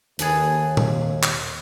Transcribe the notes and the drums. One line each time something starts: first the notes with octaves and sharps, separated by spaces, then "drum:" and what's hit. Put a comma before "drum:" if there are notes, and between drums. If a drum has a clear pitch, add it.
D#2 G#4 A4 B4, drum: hi-hat
drum: tom A#2
drum: clap